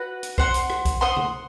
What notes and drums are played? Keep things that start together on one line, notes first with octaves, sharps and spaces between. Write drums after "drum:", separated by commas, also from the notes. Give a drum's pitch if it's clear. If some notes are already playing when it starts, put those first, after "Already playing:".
Already playing: F#4 B4 F#5
drum: hi-hat
C5 F#5 C6, drum: kick B1
drum: hi-hat
drum: rim click
drum: kick B1, hi-hat
C5 F#5 C6 D#6
drum: tom